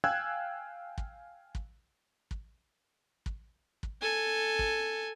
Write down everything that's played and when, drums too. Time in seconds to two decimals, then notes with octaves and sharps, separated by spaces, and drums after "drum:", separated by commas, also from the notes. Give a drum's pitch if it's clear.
0.04 F5 G5 G#5 E6 F#6 G#6
0.98 drum: kick
1.55 drum: kick
2.31 drum: kick
3.26 drum: kick
3.83 drum: kick
4.02 A4 G#5
4.59 drum: kick